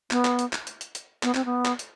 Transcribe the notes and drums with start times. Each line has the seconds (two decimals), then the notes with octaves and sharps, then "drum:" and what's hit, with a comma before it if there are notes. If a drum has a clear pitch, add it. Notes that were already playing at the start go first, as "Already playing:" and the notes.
0.11 B3, drum: clap
0.25 drum: clap
0.39 drum: hi-hat
0.53 drum: clap
0.67 drum: hi-hat
0.81 drum: hi-hat
0.95 drum: hi-hat
1.23 B3, drum: clap
1.35 C4, drum: clap
1.45 B3
1.65 drum: clap
1.79 drum: hi-hat